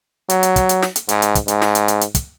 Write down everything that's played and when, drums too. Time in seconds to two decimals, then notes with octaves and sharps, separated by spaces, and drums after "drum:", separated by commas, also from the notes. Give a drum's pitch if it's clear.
0.30 F#3, drum: hi-hat
0.43 drum: hi-hat
0.56 drum: kick, hi-hat
0.69 drum: hi-hat
0.82 drum: snare
0.96 drum: hi-hat
1.09 G#2, drum: hi-hat
1.22 drum: hi-hat
1.35 drum: kick, hi-hat
1.48 G#2, drum: hi-hat
1.62 drum: snare
1.75 drum: hi-hat
1.88 drum: hi-hat
2.01 drum: hi-hat
2.15 drum: kick, hi-hat